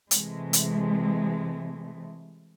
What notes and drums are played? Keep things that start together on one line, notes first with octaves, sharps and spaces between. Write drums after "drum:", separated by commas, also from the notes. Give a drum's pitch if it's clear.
C3 E3 G#3 A3, drum: hi-hat
drum: hi-hat